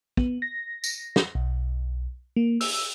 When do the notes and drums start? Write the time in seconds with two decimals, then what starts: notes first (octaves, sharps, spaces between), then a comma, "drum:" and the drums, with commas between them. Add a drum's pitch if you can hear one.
0.17 B3, drum: kick
0.42 A#6
0.84 drum: tambourine
1.16 drum: snare
1.35 B1
2.36 A#3
2.61 E6, drum: open hi-hat